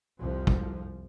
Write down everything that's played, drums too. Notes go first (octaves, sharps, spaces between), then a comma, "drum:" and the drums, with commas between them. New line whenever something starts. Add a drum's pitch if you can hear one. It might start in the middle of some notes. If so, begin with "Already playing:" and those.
C2 F2 F3
drum: kick